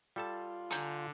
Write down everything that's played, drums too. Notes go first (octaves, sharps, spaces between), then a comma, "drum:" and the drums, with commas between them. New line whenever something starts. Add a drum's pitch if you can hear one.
G3 F4 A4 A5
D3 G#5 A#5 G6, drum: hi-hat